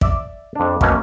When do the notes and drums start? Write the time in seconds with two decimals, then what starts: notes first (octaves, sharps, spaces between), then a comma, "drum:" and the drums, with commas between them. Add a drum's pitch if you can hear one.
0.01 D5 E5, drum: kick
0.55 F2 D4
0.81 B2 A3 A#3 C#4, drum: kick